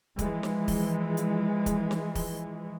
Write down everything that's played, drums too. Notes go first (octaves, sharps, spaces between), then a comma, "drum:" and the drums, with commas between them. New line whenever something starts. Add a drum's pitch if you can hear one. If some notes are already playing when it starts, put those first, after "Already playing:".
E3 F3 G#3, drum: kick, hi-hat
drum: snare
drum: kick, open hi-hat
drum: hi-hat
drum: kick, hi-hat
drum: snare
drum: kick, open hi-hat